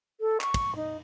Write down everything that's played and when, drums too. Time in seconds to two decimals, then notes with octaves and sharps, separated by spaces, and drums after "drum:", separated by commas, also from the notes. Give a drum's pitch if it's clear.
0.20 A4
0.41 C#6, drum: clap
0.54 drum: kick, cymbal
0.75 D#4